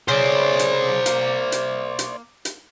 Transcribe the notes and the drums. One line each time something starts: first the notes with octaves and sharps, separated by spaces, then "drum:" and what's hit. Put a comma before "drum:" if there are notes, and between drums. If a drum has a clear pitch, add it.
C#3 C5 D5 G#5
drum: hi-hat
A#3, drum: hi-hat
drum: hi-hat
drum: hi-hat
drum: hi-hat